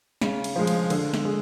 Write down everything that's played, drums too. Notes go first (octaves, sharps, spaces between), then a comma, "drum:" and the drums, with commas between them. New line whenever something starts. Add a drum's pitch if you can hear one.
C#3, drum: snare
drum: cymbal
F3 G#3
drum: cymbal
D3, drum: cymbal
drum: snare
G#3